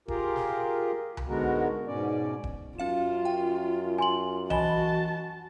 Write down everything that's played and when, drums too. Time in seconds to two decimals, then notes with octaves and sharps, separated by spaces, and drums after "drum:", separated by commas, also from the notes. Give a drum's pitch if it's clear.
0.08 F4 G4 G#4 A#4, drum: kick D#1
0.36 drum: snare
1.17 drum: tom C2
1.28 G#2 D3 G#3 B3 F#4 A#4
1.87 G#2 B2 C#4 D5
2.44 drum: kick D#1
2.78 F#2 C#4 F4 F5 E7
3.25 G5
3.99 G#5 C6 F#7
4.50 E3 F#4 D#5 G#5 A5 B5 E7 G7, drum: tom C2